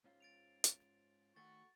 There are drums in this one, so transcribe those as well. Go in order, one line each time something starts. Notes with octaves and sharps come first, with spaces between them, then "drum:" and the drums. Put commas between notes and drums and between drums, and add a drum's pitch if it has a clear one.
G#2 C#4 F4
A6 D7 F7
drum: hi-hat
D#3 A3 F#4 A4 C#6 A6